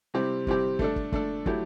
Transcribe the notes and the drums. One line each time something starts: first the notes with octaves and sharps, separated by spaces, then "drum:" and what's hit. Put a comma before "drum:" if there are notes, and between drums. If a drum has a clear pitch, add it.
C3 G3 C4 E4 G4
C3 G3 C4 E4 G4, drum: kick
A3 D4 A4, drum: kick
drum: kick
A3 D4 A4, drum: kick
F#3 A3 E4 G4, drum: kick